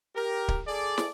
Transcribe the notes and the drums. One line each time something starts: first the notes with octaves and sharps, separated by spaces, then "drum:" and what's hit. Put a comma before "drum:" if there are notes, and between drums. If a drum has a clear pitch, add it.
G4 A#4
drum: kick D1
G#4 A4 D5
drum: snare